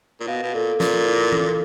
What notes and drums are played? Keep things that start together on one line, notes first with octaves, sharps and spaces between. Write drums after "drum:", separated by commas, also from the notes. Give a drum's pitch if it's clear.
A#2
B2 F5
B2
A#2 A4
A#2 A4, drum: snare
E4
A4, drum: tom E3